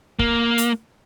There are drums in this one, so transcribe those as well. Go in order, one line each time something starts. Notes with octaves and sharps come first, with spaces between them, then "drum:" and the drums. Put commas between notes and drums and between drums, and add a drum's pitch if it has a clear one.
A#3, drum: kick
drum: hi-hat